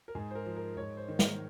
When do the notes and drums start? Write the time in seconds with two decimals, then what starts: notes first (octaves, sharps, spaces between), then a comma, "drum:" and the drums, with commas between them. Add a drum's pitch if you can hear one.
0.08 A#4
0.15 G#2 G#4
0.31 C5
0.35 A#4
0.46 F3
0.56 A#4
0.76 G#2 C#5
0.97 C5
1.09 D#3
1.19 A#4, drum: snare